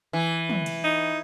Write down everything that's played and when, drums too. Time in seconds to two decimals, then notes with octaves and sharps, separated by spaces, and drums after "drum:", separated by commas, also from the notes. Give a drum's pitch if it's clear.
0.13 E3
0.49 drum: tom
0.66 drum: cymbal
0.84 D#4